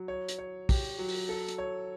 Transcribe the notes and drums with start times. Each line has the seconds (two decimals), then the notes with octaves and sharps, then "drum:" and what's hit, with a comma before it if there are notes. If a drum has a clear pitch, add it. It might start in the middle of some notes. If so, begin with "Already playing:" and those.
Already playing: F#3
0.08 C#5
0.28 drum: hi-hat
0.38 C#5
0.69 G4, drum: kick, open hi-hat
0.98 F#3
1.08 drum: open hi-hat
1.29 A4
1.48 drum: hi-hat
1.58 C#5